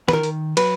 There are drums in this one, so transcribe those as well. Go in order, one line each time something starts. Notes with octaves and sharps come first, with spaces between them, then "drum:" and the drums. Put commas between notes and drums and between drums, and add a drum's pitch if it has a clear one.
B4, drum: snare
D#3 A#4
drum: hi-hat
F#3 B4, drum: cymbal